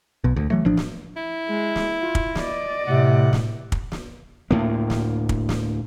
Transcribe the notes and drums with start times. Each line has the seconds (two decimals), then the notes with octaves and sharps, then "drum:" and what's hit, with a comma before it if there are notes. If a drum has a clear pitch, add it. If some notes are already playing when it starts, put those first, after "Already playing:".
0.24 B1 B2
0.36 D2
0.50 E3 F#3 A3
0.65 A1 F3 D4
0.77 drum: snare
1.17 E4
1.49 G#3
1.76 drum: snare
2.00 F4
2.15 drum: kick
2.35 D5 D#5, drum: snare
2.87 A2 C3 F#5
3.33 drum: snare
3.72 drum: kick
3.92 drum: snare
4.51 D2 A2 A#3
4.90 drum: snare
5.29 drum: kick
5.49 drum: snare